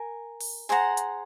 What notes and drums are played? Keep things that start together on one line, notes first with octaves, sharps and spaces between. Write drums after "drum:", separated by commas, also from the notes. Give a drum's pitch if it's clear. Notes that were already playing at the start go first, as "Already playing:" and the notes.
Already playing: A#4 G#5
drum: open hi-hat
G#4 C5 F#5 A#5
drum: hi-hat